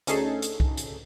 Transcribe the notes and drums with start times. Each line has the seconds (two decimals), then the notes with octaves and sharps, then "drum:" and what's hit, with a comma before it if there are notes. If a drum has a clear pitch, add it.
0.07 D2 C#4 D#4 G#4 A4 C7, drum: hi-hat
0.42 drum: hi-hat
0.60 drum: kick C2
0.77 drum: hi-hat